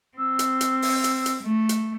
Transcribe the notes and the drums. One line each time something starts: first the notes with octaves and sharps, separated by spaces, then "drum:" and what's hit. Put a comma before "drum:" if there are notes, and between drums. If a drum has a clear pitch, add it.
C4 E6
drum: hi-hat
drum: hi-hat
drum: open hi-hat
drum: hi-hat
drum: hi-hat
A3
drum: hi-hat